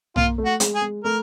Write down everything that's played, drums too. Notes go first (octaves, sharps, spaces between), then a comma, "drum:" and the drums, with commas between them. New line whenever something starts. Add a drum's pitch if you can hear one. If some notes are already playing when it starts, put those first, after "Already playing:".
A#3 F4, drum: tom
A3
F#4
G#3, drum: hi-hat
G#4
G#3
A3 A#4